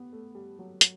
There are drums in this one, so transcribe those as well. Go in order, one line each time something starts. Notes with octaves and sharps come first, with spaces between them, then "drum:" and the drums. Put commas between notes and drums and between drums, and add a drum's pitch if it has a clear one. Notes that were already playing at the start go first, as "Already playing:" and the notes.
Already playing: B3 G4
A3
G3
F#3
F#3, drum: hi-hat